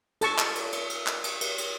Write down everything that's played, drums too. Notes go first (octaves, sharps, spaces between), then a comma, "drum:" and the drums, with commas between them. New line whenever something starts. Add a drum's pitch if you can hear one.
A4 A5 C#6, drum: cymbal
drum: clap
drum: cymbal
drum: cymbal
drum: cymbal
drum: clap
drum: cymbal
drum: cymbal
drum: cymbal